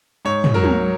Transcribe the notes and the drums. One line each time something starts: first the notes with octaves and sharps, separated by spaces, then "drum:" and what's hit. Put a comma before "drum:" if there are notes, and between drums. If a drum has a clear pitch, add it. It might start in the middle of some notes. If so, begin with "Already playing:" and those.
G#2 C#5
drum: tom
F#3 A#4
drum: tom